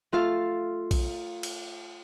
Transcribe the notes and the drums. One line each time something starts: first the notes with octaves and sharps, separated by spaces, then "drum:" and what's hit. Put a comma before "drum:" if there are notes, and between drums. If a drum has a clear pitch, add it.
A3 F4 A4 F5
drum: kick A#1, cymbal
drum: cymbal